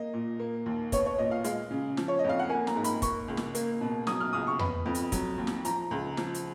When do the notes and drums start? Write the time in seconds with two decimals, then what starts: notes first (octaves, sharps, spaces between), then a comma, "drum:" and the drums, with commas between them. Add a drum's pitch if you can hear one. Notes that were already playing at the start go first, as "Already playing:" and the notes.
Already playing: A#3 D#5
0.14 A#2
0.39 A#3
0.66 D#2
0.92 B3 C#5, drum: kick, hi-hat
1.06 C#5
1.18 A#2 D#5
1.31 F5
1.44 G#3 F5, drum: hi-hat
1.71 C#3
1.97 F3, drum: snare
2.08 C#5
2.19 D#5
2.24 F2
2.29 F5
2.39 F#5
2.49 A#3 G#5
2.67 A#5, drum: snare
2.76 G#2
2.84 B5, drum: hi-hat
3.02 A#3 C#6, drum: kick, hi-hat
3.28 C#2
3.37 drum: snare
3.55 A#3, drum: hi-hat
3.81 B2
4.07 F#3 D#6, drum: snare
4.20 F6
4.33 C#2 D#6
4.47 C#6
4.59 B3 B5, drum: tom E2
4.86 F2
4.95 drum: hi-hat
5.12 F#3, drum: kick, hi-hat
5.38 D#2
5.47 drum: snare
5.65 F3 A#5, drum: hi-hat
5.91 C#2
6.17 F3, drum: snare
6.34 drum: hi-hat